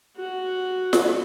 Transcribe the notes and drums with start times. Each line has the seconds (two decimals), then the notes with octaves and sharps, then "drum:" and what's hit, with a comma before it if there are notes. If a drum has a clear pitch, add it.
0.17 F#4
0.93 drum: snare